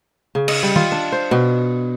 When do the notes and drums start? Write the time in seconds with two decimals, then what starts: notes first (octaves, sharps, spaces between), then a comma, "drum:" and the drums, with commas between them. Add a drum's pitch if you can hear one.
0.35 C#3
0.48 D#5, drum: cymbal
0.63 G3
0.76 F4, drum: tom D#3
0.92 D4
1.12 C5
1.31 B2